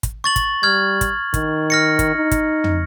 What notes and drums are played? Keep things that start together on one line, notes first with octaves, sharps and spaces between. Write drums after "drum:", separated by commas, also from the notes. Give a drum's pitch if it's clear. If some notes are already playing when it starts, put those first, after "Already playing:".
drum: kick, hi-hat
C#6 A6 F#7
drum: kick, hi-hat
G3 F6 G#6
drum: kick, hi-hat
D#3, drum: kick, hi-hat
F6 A#6 C#7
drum: kick, hi-hat
D#4
drum: kick, hi-hat
drum: tom